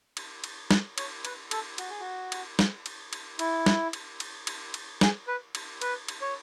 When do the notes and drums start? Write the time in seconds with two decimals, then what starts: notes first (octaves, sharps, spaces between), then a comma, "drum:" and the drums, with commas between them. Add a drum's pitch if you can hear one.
0.17 drum: cymbal
0.44 drum: cymbal
0.71 drum: snare
0.98 C#5, drum: cymbal
1.25 B4, drum: cymbal
1.51 A4, drum: cymbal
1.78 F#4, drum: cymbal
1.90 G#4
2.00 F#4
2.32 drum: cymbal
2.59 drum: snare
2.86 drum: cymbal
3.13 drum: cymbal
3.39 E4, drum: cymbal
3.66 drum: snare
3.93 drum: cymbal
4.20 drum: cymbal
4.47 drum: cymbal
4.74 drum: cymbal
5.01 G#4, drum: snare
5.28 B4
5.55 drum: cymbal
5.81 B4, drum: cymbal
6.08 drum: cymbal
6.22 C#5